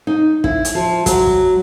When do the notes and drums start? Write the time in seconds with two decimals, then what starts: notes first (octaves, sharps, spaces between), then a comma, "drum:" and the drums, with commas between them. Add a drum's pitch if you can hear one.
0.07 D#4
0.44 E4, drum: kick
0.65 drum: hi-hat
0.75 F3
1.06 F#3, drum: kick, hi-hat
1.27 drum: kick